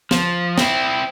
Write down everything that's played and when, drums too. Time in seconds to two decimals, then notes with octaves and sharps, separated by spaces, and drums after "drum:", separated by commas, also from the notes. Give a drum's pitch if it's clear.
0.11 F3, drum: snare
0.58 C4 E4, drum: snare